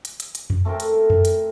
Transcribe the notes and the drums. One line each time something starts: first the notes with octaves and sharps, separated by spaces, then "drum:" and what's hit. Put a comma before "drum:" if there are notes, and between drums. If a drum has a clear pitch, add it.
drum: hi-hat
drum: hi-hat
drum: hi-hat
drum: tom F2
A3 C4 A4 A#4
drum: hi-hat
drum: tom F2
drum: hi-hat